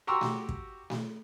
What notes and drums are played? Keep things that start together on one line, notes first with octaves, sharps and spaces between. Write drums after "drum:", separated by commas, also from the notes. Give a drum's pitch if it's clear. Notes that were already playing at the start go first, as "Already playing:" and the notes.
F#4 G4 A#5 C6 C#6 E6
drum: snare A3
drum: kick
drum: snare A3